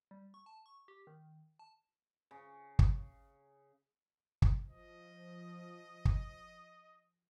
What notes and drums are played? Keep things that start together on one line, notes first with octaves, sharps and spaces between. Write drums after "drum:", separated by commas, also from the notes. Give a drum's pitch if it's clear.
G3
C#6
A5
C#6
G4
D#3
A5
C#3
drum: kick
drum: kick
F3 D#5
drum: kick